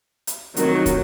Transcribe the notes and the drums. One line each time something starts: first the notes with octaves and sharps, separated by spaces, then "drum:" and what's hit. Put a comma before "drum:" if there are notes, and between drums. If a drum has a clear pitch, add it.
drum: hi-hat
F1 D#3 F#3, drum: hi-hat
drum: kick, hi-hat